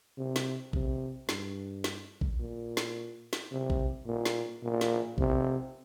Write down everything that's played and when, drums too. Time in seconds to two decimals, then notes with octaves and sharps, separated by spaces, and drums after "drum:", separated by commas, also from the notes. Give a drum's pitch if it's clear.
0.18 C3
0.36 drum: snare
0.73 C3, drum: kick A#1
1.29 G2, drum: snare
1.84 drum: snare
2.21 drum: kick A#1
2.39 A#2
2.77 drum: snare
3.33 drum: snare
3.51 C3
3.70 drum: kick A#1
4.06 A#2
4.26 drum: snare
4.63 A#2
4.81 drum: snare
5.18 C3, drum: kick A#1